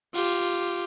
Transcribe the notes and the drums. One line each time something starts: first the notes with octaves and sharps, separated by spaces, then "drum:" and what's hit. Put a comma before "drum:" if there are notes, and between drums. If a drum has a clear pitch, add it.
F4 G4, drum: open hi-hat